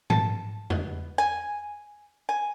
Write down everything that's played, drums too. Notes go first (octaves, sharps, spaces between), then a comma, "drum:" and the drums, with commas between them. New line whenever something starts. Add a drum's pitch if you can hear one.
A5, drum: tom G#2
B3, drum: tom E2
G#5
G#5